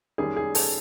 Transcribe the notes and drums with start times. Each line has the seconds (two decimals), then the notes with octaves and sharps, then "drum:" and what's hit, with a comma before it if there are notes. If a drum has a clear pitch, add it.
0.18 F#2 D#3 G3 A#3 G#4
0.37 G#4
0.55 A4, drum: open hi-hat